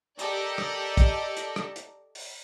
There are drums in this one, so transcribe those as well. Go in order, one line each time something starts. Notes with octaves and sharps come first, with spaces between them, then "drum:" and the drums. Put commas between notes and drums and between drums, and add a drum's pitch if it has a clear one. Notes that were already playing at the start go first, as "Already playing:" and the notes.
G4 A4 A#4 D5 D#5, drum: hi-hat
drum: rim click
drum: kick, hi-hat
drum: hi-hat
drum: rim click
drum: hi-hat
drum: open hi-hat